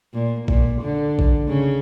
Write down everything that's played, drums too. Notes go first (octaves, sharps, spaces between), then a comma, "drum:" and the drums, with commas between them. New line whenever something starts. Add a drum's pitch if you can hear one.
A#2
A#2, drum: kick A#1
D3
drum: kick A#1
C#3